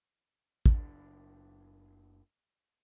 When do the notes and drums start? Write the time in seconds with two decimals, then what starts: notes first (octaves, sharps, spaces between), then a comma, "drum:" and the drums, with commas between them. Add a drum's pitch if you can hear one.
0.66 F#1 D4, drum: kick